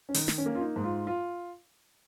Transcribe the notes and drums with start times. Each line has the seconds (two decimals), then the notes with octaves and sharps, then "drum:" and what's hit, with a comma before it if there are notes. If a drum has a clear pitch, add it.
0.09 C#4
0.14 D#3 D#4, drum: open hi-hat
0.28 drum: snare
0.38 C#4
0.46 A#3
0.55 F4
0.61 D#4
0.76 G#2
0.84 F4
1.07 F4